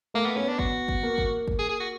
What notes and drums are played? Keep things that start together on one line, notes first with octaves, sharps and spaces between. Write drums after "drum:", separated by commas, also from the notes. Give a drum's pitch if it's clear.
A3 A#3
B3
B3 C#4
D4
F#4, drum: kick
drum: kick
A#3
drum: kick
drum: kick
G#4
G#4
F#4